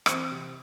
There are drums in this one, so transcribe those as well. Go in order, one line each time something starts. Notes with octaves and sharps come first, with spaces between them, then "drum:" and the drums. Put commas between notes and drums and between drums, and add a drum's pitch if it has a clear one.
E3 C4, drum: rim click
C3